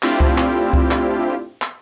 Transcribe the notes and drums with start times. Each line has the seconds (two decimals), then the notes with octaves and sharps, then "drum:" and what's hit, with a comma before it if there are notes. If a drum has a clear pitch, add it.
0.03 A3 C4 D4 E4 F4 G4, drum: clap
0.20 drum: kick C#2
0.38 drum: clap
0.73 drum: kick C#2
0.91 drum: clap
1.62 drum: clap